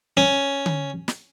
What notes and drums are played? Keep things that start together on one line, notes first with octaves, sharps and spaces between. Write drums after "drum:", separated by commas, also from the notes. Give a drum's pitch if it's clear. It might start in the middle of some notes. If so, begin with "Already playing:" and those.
C#4
drum: tom D3
drum: snare